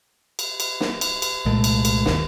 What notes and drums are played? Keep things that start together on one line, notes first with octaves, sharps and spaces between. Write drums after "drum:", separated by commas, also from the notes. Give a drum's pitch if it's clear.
drum: cymbal
drum: cymbal
drum: snare
drum: cymbal
drum: cymbal
C2 A#2 G#3 A3
drum: cymbal
drum: cymbal
G1 D#2, drum: snare